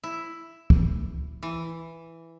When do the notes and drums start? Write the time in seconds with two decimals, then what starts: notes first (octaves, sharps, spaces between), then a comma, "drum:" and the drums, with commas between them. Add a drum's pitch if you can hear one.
0.04 E4
0.70 drum: kick
1.43 E3